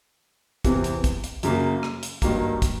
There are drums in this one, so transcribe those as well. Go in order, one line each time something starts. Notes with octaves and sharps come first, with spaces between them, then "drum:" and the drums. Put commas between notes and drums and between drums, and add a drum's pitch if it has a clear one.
E2 C3 E3, drum: kick, hi-hat
drum: hi-hat
drum: kick, hi-hat
drum: hi-hat
F#2 C#3 F#3 A#3, drum: hi-hat
drum: rim click
drum: hi-hat
G2 D#3 F#3 A#3, drum: kick, hi-hat
drum: kick, hi-hat